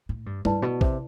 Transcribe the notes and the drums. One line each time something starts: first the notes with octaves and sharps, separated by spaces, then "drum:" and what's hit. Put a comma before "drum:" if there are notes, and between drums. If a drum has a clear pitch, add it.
A2
G2
G2 E4 B4 D5 A5, drum: tom G3
B2
C3, drum: kick